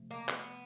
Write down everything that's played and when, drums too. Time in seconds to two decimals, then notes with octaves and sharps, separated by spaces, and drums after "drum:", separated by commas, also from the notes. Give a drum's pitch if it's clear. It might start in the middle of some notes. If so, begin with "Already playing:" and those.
Already playing: C3 F3 A3
0.11 A#3
0.29 B3, drum: clap